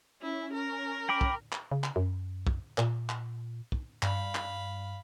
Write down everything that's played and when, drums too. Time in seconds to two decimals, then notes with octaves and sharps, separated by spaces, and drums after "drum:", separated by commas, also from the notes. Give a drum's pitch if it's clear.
0.22 C#4 E4
0.54 A#4
1.09 G5 B5 D6
1.21 drum: kick
1.52 drum: clap
1.72 C#3
1.84 drum: clap
1.96 F#2
2.47 drum: kick
2.78 A#2, drum: clap
3.09 drum: clap
3.72 drum: kick
4.03 G2 F5 B5, drum: clap
4.35 drum: clap